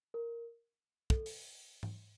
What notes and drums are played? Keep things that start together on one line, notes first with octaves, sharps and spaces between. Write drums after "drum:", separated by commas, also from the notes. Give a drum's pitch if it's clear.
A#4
A4, drum: kick
drum: open hi-hat
drum: tom G#2